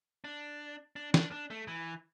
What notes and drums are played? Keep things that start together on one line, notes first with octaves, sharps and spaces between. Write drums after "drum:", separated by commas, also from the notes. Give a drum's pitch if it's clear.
D4
D4
D4, drum: snare
D4
A3
E3